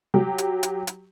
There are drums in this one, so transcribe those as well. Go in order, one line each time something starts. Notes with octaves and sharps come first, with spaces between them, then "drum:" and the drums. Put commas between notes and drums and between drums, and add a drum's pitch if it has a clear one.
F#3 G4
drum: hi-hat
drum: hi-hat
drum: hi-hat